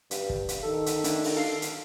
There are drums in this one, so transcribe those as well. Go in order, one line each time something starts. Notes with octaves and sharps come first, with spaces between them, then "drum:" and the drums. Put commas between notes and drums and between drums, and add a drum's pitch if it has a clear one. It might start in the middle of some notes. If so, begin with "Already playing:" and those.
G2, drum: hi-hat
drum: kick
drum: hi-hat
D#3 A4
drum: hi-hat
A3 D4 E4, drum: hi-hat
drum: open hi-hat
F5 C7
drum: hi-hat